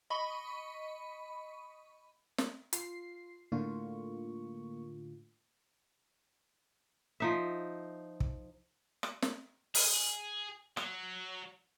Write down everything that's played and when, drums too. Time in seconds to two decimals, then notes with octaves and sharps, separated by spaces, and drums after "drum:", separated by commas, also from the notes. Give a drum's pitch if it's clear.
0.10 D#5 B5 C#6
2.38 drum: snare
2.73 F4 C7, drum: hi-hat
3.52 A2 D3 A#3 F4 C#6
7.20 F3 D#4 E5
8.20 drum: kick
9.03 drum: rim click
9.22 drum: snare
9.75 G#4, drum: open hi-hat
10.77 F#3, drum: rim click